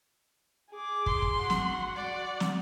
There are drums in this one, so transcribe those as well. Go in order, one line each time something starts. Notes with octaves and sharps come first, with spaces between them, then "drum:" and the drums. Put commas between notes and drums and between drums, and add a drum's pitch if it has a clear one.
G#4 D6
C6, drum: kick
drum: kick
F#4 F#5
drum: snare
D5
drum: snare